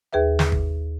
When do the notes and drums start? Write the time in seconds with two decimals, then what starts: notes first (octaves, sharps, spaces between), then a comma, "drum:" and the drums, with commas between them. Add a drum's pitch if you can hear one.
0.13 D#2 G#4 B4 E5
0.39 drum: snare
0.52 drum: kick